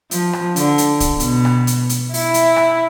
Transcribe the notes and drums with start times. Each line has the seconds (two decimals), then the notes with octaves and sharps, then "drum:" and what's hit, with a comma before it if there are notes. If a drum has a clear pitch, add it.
0.11 F3, drum: hi-hat
0.33 drum: rim click
0.56 D3, drum: hi-hat
0.78 drum: hi-hat
1.00 drum: kick, hi-hat
1.20 B2, drum: hi-hat
1.45 drum: rim click
1.67 drum: hi-hat
1.89 drum: hi-hat
2.14 E4, drum: open hi-hat
2.34 drum: hi-hat
2.56 drum: rim click